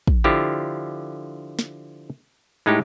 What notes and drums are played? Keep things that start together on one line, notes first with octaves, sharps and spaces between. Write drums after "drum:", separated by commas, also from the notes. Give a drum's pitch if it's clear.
drum: kick
D3 F3 E4 F4 G4
drum: snare
A2 G#3 D#4 E4 G4